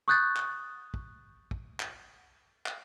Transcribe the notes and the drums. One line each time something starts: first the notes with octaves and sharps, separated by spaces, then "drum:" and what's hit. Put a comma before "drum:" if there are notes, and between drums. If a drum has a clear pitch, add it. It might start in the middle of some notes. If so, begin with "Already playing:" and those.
C#6 D#6 F#6 G6 A6
drum: clap
drum: kick
drum: kick
drum: clap
drum: clap